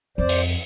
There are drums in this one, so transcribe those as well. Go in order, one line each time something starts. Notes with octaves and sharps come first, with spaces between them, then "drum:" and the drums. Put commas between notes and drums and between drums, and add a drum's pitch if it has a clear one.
F2 C5 D5
drum: open hi-hat